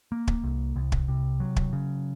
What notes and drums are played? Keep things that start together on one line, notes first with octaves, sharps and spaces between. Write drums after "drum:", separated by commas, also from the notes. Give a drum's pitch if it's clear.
A#3
drum: kick
C2
C2
drum: kick
C3
F#3
drum: kick
C#3